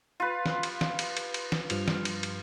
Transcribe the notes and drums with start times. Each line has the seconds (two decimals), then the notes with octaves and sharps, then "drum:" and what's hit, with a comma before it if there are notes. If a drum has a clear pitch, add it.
0.20 F4 B4
0.46 drum: snare
0.63 drum: cymbal
0.81 drum: snare
0.99 drum: cymbal
1.17 drum: cymbal
1.34 drum: cymbal
1.52 drum: snare
1.70 G2 F3 F6, drum: cymbal
1.88 drum: snare
2.05 drum: cymbal
2.23 drum: cymbal